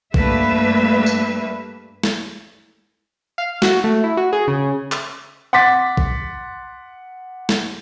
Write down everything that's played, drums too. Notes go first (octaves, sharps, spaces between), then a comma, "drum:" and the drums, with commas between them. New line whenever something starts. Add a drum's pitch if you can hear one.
G2 G3 A3 A#3 B4 E5, drum: kick A#1
drum: tambourine
drum: snare
F5
F#4, drum: snare
A3
E4
F#4
G#4
C#3
drum: clap
F#5 C6 D6 A6 B6
drum: kick A#1
drum: snare